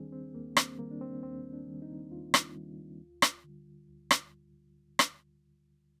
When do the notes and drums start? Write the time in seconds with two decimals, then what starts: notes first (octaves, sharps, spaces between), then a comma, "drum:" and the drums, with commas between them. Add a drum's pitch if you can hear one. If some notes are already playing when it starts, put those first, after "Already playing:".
Already playing: D#2 D#3 G3 C4 D4 G#4
0.12 C4
0.35 D#2 A#3
0.57 C4, drum: rim click
0.79 D#3 G3 A#3
0.91 D4
1.01 C4
1.23 D#2 C4
1.53 D4
1.67 D#3 G3
1.82 D#4
2.12 D#2 F4
2.34 drum: rim click
2.56 D#3 G3
3.00 D2
3.22 drum: rim click
3.44 D3 G3
3.88 D2
4.11 drum: rim click
4.99 drum: rim click